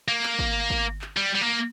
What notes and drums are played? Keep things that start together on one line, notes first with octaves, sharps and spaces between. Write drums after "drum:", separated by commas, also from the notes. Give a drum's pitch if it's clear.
A#3
drum: clap
drum: kick
drum: kick
drum: clap
G3
G3
A#3